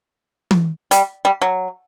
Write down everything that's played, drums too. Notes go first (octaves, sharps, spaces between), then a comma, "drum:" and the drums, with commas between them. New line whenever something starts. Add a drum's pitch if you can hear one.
drum: tom E3
G3, drum: hi-hat
G3
F#3